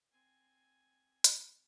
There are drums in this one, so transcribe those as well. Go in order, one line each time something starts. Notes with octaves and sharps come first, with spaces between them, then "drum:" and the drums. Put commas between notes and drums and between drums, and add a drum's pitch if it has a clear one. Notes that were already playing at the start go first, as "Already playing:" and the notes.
C4 G#5
drum: hi-hat